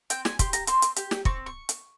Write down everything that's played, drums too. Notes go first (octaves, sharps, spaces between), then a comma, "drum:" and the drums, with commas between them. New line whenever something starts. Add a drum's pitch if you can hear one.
C4 G5, drum: hi-hat
G#5, drum: snare
G4 C6, drum: kick, hi-hat
A#5, drum: hi-hat
C4 C6, drum: hi-hat
drum: hi-hat
G4, drum: hi-hat
drum: snare
C4 C#6, drum: kick
C#6
drum: hi-hat